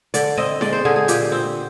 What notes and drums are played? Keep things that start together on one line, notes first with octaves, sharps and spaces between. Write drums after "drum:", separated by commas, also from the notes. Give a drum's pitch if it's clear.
D3 D5, drum: hi-hat
C4 D#5
G#3 D5, drum: snare E4
C5
D3 G#4
G#4
A#2 G4, drum: hi-hat
C4